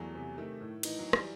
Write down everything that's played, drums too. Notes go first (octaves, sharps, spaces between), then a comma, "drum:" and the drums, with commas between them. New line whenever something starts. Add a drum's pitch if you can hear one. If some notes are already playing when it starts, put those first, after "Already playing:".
Already playing: E2 F#3 G3 A3
C3
D#3 A3
A2
E3 D#4, drum: cymbal
F#3
E3
G3, drum: rim click